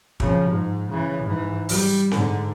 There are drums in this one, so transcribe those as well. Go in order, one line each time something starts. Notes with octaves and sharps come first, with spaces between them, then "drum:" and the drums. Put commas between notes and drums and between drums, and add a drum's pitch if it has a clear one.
C#3 F3, drum: kick
G#2
C#3 E3
G#2 E3
G3, drum: open hi-hat
G#2 D3, drum: snare C4